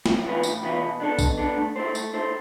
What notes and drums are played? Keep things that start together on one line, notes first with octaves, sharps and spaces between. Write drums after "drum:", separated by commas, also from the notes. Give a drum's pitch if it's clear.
A2, drum: snare
E3 B3 F4 B4
A2, drum: tambourine
E3 B3 F4 B4
B2
B3 D4 A4
B2, drum: kick A#1, tambourine
B3 D4 A4
A3
E4 A4 C5
A3, drum: tambourine
E4 A4 C5